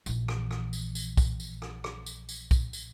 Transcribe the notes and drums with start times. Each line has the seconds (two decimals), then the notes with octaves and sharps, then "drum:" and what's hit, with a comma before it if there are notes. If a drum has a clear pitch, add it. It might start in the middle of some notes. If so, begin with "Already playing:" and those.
0.06 A#1 E3, drum: tambourine
0.28 drum: rim click
0.51 drum: rim click
0.73 drum: tambourine
0.95 drum: tambourine
1.17 drum: kick B1, tambourine
1.40 drum: tambourine
1.62 drum: rim click
1.84 drum: rim click
2.06 drum: tambourine
2.29 drum: tambourine
2.51 drum: kick B1, tambourine
2.73 drum: tambourine